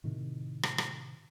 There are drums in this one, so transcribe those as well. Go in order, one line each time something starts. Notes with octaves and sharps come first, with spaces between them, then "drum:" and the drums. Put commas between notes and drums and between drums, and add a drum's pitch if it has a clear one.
A2 C3 D#3
drum: rim click
drum: rim click